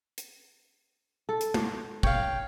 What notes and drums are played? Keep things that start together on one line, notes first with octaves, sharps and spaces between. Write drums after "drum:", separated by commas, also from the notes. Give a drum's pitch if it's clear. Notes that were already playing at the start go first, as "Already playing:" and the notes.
drum: hi-hat
A4
drum: hi-hat
drum: tom
C#5 F5 G5, drum: kick